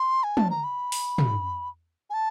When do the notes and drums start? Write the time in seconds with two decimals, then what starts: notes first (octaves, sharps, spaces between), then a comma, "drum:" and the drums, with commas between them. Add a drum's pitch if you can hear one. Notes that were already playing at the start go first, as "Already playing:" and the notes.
Already playing: C6
0.24 G#5
0.37 A5, drum: tom
0.50 A#5
0.64 B5
0.92 drum: open hi-hat
1.18 drum: tom
2.10 G#5
2.14 A5